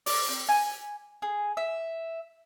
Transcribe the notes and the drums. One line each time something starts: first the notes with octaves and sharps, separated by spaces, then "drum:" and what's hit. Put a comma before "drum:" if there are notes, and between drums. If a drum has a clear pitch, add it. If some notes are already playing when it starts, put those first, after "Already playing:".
D5, drum: open hi-hat
C4
G#5
G#4
E5